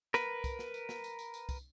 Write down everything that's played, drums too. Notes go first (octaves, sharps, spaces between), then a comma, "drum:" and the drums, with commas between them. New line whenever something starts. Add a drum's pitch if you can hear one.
A#4 B4, drum: snare
drum: kick, tambourine
drum: snare
drum: tambourine
drum: snare
drum: tambourine
drum: tambourine
drum: tambourine
drum: kick, tambourine